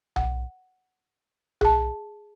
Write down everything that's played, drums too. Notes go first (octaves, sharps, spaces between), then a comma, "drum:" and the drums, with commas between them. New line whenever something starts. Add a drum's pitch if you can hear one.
F#5, drum: tom B1
G#4 A5, drum: tom B1